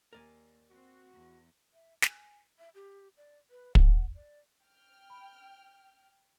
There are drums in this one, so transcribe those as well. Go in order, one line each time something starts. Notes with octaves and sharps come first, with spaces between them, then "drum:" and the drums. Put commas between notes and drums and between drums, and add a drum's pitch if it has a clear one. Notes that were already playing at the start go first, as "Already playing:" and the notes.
D#2 A#4 D5 G#5
C4 F#4
E2
E5
G#5, drum: snare
E5
G4
D5
B4
F#5, drum: kick
D5
G5 F6
B5